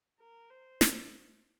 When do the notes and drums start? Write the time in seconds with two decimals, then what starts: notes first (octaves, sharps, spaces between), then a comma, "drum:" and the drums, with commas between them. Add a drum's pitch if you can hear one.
0.20 A#4
0.50 C5
0.81 drum: snare